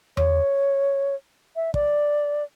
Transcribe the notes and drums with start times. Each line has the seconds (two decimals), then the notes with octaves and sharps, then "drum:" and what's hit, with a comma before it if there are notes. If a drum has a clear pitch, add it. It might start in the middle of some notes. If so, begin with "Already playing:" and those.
0.17 C#5, drum: tom E2
1.56 E5
1.74 D5, drum: kick